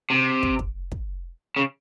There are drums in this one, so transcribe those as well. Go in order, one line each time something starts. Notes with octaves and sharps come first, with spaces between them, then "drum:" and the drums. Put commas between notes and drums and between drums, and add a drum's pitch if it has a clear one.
C3
drum: kick
drum: kick
drum: kick
C#3